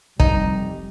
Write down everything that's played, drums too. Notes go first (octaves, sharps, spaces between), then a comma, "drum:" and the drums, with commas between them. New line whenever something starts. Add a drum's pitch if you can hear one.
F1 G3 D#4, drum: kick